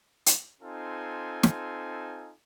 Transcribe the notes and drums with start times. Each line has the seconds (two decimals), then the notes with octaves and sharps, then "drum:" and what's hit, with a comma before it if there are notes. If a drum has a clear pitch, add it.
0.26 drum: hi-hat
0.61 C4 D#4 F4 A4 G#5
1.43 drum: snare